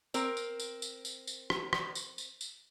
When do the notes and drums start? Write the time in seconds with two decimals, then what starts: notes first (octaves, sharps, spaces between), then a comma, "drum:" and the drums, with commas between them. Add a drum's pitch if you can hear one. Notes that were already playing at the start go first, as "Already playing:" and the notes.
0.14 C4 A#4, drum: tambourine
0.37 drum: tambourine
0.60 drum: tambourine
0.82 drum: tambourine
1.05 drum: tambourine
1.27 drum: tambourine
1.50 drum: rim click
1.73 drum: rim click
1.95 drum: tambourine
2.18 drum: tambourine
2.41 drum: tambourine